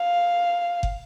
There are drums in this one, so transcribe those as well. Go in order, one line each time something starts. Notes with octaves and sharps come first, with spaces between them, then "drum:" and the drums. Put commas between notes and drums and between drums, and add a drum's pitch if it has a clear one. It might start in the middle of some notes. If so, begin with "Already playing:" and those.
Already playing: F5
drum: kick